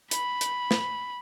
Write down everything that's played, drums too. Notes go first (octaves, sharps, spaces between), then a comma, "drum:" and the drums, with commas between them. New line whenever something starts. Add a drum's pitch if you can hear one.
B5, drum: hi-hat
drum: hi-hat
drum: snare